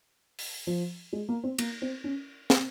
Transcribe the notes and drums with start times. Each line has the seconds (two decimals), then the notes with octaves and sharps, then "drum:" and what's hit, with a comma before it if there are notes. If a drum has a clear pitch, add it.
0.39 drum: open hi-hat
0.67 F3
1.13 G#3
1.29 A#3
1.43 C4
1.58 A#3, drum: cymbal
1.82 C4
2.04 C#4
2.50 C4, drum: snare